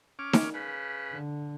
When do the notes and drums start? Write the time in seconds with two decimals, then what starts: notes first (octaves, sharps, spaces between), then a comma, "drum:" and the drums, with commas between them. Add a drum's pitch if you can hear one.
0.19 C#4 D6 F6
0.33 drum: snare D#4
0.54 C#3 B4
1.12 D3